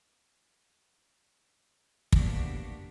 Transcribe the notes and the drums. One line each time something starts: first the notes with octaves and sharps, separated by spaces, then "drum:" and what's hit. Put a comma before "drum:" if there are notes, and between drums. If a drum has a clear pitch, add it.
A2 A#3 B3 D4 F#4 G4, drum: kick